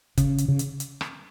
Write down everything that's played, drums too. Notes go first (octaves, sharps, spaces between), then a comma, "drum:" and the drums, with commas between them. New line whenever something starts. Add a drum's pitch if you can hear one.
C#3, drum: kick F#1, hi-hat
drum: hi-hat
C#3
drum: hi-hat
drum: hi-hat
drum: rim click